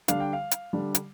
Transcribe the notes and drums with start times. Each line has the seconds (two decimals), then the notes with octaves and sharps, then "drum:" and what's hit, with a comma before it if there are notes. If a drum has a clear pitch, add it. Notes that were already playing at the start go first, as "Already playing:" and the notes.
0.08 D3 G3 D4 F5, drum: hi-hat
0.20 G5
0.33 F5
0.51 drum: hi-hat
0.73 D3 G3 D4
0.95 drum: hi-hat